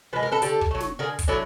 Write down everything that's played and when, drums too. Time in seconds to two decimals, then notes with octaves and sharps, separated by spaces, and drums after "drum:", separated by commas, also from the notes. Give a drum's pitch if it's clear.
0.13 F3 G#3 B4
0.23 A#4
0.32 A4 B4
0.42 D3 G4 A4, drum: hi-hat
0.61 drum: kick
0.71 F#3 A3
0.80 drum: snare
0.99 D3 G#4 A#4
1.19 drum: kick, hi-hat
1.28 F#3 A3 D4 E4